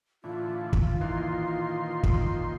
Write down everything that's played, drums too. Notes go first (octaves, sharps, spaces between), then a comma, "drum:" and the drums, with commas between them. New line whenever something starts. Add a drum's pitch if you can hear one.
A2 D3 E3 F4
drum: kick
A#2 D#3 E3 C6
drum: kick